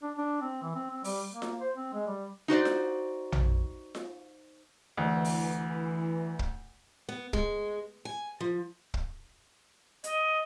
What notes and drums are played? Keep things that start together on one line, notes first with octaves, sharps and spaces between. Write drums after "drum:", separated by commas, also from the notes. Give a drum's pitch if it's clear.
D4
D4
C4
E3
C4
C4
G3, drum: open hi-hat
A#3
drum: snare F4
C5
C4
G#3
G3
D#4 F#4 C5 D5
drum: snare F4
drum: tom A#1
drum: snare F4
D2 E3
drum: open hi-hat
drum: kick
B3
G#3, drum: kick
G#5
F3
drum: kick
D#5, drum: hi-hat